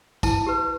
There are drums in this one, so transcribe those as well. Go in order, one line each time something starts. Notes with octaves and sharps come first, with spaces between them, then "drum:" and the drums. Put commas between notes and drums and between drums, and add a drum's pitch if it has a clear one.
E4 A5, drum: kick, tambourine
G4 B4